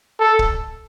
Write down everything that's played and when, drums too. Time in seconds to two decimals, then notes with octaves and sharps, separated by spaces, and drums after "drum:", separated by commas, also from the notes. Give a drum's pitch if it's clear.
0.20 A4
0.39 drum: kick C#1